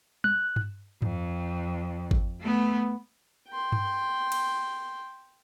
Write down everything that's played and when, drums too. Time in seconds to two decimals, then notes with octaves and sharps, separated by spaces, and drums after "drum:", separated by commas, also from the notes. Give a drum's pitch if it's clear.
0.24 F#6, drum: tom
0.56 drum: tom G2
1.02 F2, drum: tom G2
2.11 drum: kick G#1
2.41 A3 B3
3.49 G5 C6
3.72 drum: tom G2
4.32 drum: cymbal